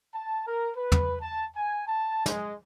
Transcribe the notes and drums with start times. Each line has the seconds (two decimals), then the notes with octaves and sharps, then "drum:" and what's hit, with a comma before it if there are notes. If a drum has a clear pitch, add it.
0.14 A5
0.47 A#4
0.76 B4
0.92 drum: tom
1.21 A5
1.57 G#5
1.87 A5
2.26 G#3, drum: snare